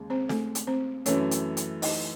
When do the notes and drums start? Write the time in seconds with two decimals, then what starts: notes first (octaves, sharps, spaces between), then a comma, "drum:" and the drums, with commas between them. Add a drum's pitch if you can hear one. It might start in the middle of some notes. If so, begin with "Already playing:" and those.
Already playing: D#2 C#3 G#3
0.10 C4 C5
0.29 A3 A4, drum: snare
0.55 drum: hi-hat
0.67 C4 C5
1.06 F#2 E3 A3 C#4 C#5, drum: hi-hat
1.31 drum: hi-hat
1.57 drum: hi-hat
1.82 D#4 D#5, drum: open hi-hat